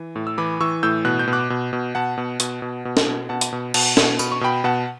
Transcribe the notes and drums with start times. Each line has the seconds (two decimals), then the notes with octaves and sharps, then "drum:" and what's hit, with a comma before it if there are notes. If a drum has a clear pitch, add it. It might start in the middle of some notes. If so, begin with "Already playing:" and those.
Already playing: E3
0.16 A2
0.27 E6
0.38 E3 B5 D6
0.60 E3 C#6 E6
0.83 A2 E6 G6
1.05 B2 F#6
1.19 G6
1.27 B2
1.33 D6 F#6
1.50 B2
1.73 B2
1.95 B2 F#5 A5
2.18 B2
2.40 B2, drum: hi-hat
2.62 B2
2.85 B2
2.97 drum: snare
3.07 B2
3.29 B2 F#5 A5
3.41 drum: hi-hat
3.53 B2
3.74 B2 F#5 A5, drum: cymbal
3.97 B2, drum: snare
4.19 B2 B5, drum: tambourine
4.32 C#6
4.41 B2 G5 B5
4.64 B2 F#5 A5